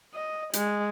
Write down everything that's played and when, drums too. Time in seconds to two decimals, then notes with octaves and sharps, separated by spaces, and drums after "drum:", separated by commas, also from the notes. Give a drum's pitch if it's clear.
0.14 D#5
0.53 G#3, drum: hi-hat